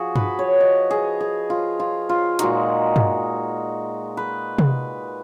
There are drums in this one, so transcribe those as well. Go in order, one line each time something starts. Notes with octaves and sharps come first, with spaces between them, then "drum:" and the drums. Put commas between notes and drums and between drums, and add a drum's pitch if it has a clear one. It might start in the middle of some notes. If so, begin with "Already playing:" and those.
Already playing: F3 F#4 G#4
B4, drum: tom G2
C#5
D#5
G#4
G#4
F4
F4
F4
A#2 G#3 D#4 F#4, drum: hi-hat
drum: tom G2
B4
drum: tom C3